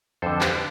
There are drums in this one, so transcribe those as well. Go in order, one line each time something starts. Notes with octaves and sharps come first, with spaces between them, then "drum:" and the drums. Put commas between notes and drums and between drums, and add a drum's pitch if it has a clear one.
F2 D3 A4 C5
G4 B4, drum: clap